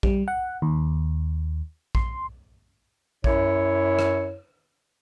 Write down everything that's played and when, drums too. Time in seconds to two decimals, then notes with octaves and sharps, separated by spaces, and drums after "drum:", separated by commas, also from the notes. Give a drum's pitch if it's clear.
0.03 G3, drum: kick A#1
0.28 F#5
0.62 D#2
1.95 C6, drum: kick A#1
3.24 F#2 E4 C#5, drum: kick A#1
3.99 drum: rim click